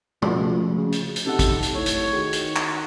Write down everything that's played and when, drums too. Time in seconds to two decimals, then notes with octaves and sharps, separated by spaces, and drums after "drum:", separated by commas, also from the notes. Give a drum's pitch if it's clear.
0.22 C#2 F3 A3 F#4, drum: tom
0.77 C#3
0.92 drum: hi-hat
1.16 drum: hi-hat
1.26 C3 D#4 A4 F#5
1.39 drum: kick, hi-hat
1.63 drum: hi-hat
1.76 A2 C#5
1.86 drum: hi-hat
2.13 D#3 F#4 G#4
2.33 drum: hi-hat
2.56 drum: clap